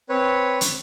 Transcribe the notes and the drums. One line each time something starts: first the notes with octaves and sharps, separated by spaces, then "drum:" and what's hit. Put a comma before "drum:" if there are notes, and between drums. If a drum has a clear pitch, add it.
C4 B4 C#5
drum: hi-hat